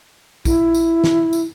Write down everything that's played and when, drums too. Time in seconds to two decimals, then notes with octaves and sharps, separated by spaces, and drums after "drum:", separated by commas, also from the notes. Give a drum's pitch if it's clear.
0.45 E4, drum: kick A#1, tambourine
0.75 drum: tambourine
1.04 drum: snare
1.33 drum: tambourine